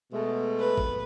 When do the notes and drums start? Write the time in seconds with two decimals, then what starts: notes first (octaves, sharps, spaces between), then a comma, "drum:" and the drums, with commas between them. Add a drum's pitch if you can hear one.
0.12 B2 G#3 A3
0.59 B4
0.78 drum: kick A1